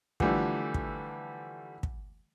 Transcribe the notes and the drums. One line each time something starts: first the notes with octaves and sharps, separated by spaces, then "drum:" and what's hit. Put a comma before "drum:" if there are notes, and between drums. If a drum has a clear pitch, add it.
D3 E3 F3 G3 A3, drum: kick
drum: kick
drum: kick